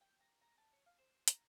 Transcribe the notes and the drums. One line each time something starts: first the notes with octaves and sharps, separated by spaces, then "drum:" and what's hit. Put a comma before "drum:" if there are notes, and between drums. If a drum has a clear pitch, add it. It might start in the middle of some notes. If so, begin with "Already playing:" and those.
G5
A#5
A#5
A5
C#5
F5
C5
A#5, drum: hi-hat